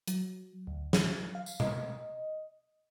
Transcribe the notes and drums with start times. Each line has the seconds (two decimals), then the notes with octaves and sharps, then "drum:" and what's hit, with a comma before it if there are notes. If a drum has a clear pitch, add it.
0.08 F#3, drum: hi-hat
0.67 D2
0.93 F#3, drum: snare
1.35 F5
1.46 drum: tambourine
1.60 D#5, drum: tom B2